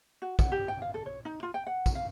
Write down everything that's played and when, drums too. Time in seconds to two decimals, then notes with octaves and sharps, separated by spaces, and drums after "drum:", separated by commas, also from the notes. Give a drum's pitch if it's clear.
0.22 F#4
0.39 F#5, drum: kick, tambourine
0.52 G4
0.68 G5
0.82 F5
0.94 A4
1.06 C#5
1.25 D#4
1.43 F4
1.54 G5
1.67 F#5
1.86 drum: kick, tambourine
1.95 F5